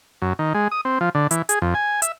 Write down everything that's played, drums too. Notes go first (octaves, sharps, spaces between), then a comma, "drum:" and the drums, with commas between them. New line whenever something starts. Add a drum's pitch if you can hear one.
F#2
D#3
G#3
D#6
C4
F3
D3
E3, drum: hi-hat
G#4, drum: hi-hat
F2
G#5
E5, drum: hi-hat